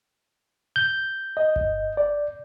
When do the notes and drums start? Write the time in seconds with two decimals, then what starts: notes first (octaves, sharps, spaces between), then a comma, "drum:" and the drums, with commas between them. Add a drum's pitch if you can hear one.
0.76 G6
1.37 D#5
1.56 drum: kick G1
1.97 D5